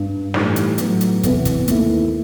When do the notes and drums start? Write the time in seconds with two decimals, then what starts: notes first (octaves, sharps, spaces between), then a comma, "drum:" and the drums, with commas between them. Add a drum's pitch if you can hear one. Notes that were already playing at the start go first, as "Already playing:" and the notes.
Already playing: G2
0.34 A2 E3 G3 D#4, drum: snare
0.56 drum: hi-hat
0.78 A2 F#3 B3 D#4, drum: hi-hat
1.01 drum: hi-hat
1.23 E2 C3 E3 B3, drum: kick, hi-hat
1.45 drum: kick, hi-hat
1.68 D#2 D#3 A3 E4, drum: hi-hat